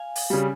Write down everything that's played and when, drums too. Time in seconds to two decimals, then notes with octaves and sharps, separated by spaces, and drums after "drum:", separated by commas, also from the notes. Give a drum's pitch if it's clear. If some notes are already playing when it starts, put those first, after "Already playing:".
Already playing: F5 G#5
0.16 drum: open hi-hat
0.30 C#3 G3